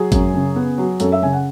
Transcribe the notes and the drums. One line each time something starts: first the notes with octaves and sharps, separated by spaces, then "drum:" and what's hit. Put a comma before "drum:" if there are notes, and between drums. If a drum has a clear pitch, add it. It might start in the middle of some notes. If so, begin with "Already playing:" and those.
Already playing: F#3 G#4
F#2, drum: kick G1, hi-hat
C#3
B3
F#3
F#2 A4, drum: hi-hat
E5
C#3 G#5
F#5